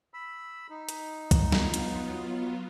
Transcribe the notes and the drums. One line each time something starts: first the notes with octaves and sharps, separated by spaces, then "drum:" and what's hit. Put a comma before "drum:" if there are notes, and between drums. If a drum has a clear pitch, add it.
B5 E6
D#4
drum: hi-hat
drum: kick, hi-hat
F#3 B3 F4, drum: snare
drum: hi-hat